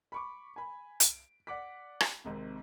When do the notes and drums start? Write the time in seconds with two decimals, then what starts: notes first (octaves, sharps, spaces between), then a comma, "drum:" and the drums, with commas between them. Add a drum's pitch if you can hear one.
0.12 B5 C#6 D6
0.56 G#5 B5
1.00 D7, drum: hi-hat
1.47 D5 F#5 D6 B6
2.00 drum: rim click
2.25 G#1 G#2 C3